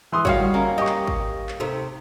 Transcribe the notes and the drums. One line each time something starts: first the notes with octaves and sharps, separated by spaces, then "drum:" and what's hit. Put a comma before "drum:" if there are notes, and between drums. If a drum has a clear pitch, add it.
E3 C6 D#6
A2 D#3 G3 F#4 C#5 F5, drum: kick
A#3 C#4
G4 D#5 C#6
drum: clap
drum: kick
drum: clap
C3 A3 D#4